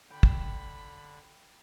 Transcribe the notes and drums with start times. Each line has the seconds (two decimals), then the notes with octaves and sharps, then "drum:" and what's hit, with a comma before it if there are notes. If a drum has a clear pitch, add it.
0.10 D3 G5 B5
0.23 drum: kick